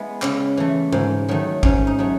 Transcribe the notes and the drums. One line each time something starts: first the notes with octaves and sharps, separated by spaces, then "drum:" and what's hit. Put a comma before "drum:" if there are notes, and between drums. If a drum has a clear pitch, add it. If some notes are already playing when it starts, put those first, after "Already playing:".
Already playing: G#3 B3 E4
C#3, drum: clap
E3 A3
G#2, drum: tom C#3
D#3 F#3 A3
G#2 C#4, drum: kick
D#4
F#3 A3